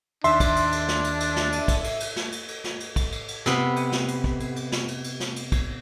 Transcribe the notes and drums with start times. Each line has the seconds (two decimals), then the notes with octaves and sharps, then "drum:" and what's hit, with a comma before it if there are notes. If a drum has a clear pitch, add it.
0.24 D#2 D4 D#4 E5 C6, drum: cymbal
0.40 drum: kick, cymbal
0.56 drum: cymbal
0.72 drum: cymbal
0.88 drum: snare
1.04 drum: cymbal
1.20 drum: cymbal
1.36 drum: snare
1.52 drum: cymbal
1.68 drum: kick, cymbal
1.84 drum: cymbal
2.00 drum: cymbal
2.16 drum: snare
2.32 drum: cymbal
2.48 drum: cymbal
2.64 drum: snare
2.80 drum: cymbal
2.96 drum: kick, cymbal
3.12 drum: cymbal
3.28 drum: cymbal
3.46 C3 B3, drum: snare
3.76 drum: cymbal
3.92 drum: snare
4.08 drum: cymbal
4.24 drum: kick
4.40 drum: cymbal
4.56 drum: cymbal
4.72 drum: snare
4.88 drum: cymbal
5.04 drum: cymbal
5.20 drum: snare
5.36 drum: cymbal
5.52 drum: kick, cymbal